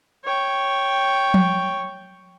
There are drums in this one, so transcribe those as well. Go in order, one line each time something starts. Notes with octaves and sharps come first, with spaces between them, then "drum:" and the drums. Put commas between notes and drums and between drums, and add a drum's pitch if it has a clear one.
C#5 G5
drum: tom F3